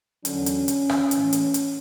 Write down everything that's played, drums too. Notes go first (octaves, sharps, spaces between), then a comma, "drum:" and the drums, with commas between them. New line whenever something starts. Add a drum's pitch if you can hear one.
E2 D3 F#3 C#4, drum: hi-hat
drum: hi-hat
drum: hi-hat
drum: rim click
A2 E3, drum: hi-hat
drum: hi-hat
drum: hi-hat